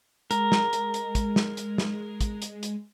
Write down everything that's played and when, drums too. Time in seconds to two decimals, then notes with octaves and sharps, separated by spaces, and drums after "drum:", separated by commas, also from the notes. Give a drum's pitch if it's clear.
0.31 G#3 A#4, drum: hi-hat
0.52 drum: snare
0.73 drum: hi-hat
0.94 drum: hi-hat
1.15 drum: kick, hi-hat
1.36 drum: snare
1.57 drum: hi-hat
1.78 drum: snare
2.21 drum: kick, hi-hat
2.42 drum: hi-hat
2.63 drum: hi-hat